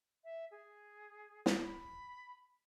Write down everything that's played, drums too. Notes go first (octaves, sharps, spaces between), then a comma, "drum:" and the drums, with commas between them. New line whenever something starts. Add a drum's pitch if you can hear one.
E5
G#4
drum: snare
B5